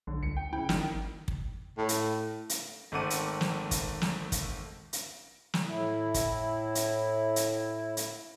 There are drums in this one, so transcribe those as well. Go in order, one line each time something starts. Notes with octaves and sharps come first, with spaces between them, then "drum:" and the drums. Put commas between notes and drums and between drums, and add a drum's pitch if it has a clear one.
B1 D3
C#2 C#7
G5
F#1 E4 G5
G#1 D#3, drum: snare
drum: kick
A2
drum: hi-hat
drum: hi-hat
G#1 A3 C4 F#5 D6 D#7
drum: hi-hat
drum: snare
drum: kick, hi-hat
drum: snare
drum: kick, hi-hat
drum: hi-hat
drum: snare
A2 E4
drum: kick, hi-hat
drum: hi-hat
drum: hi-hat
drum: hi-hat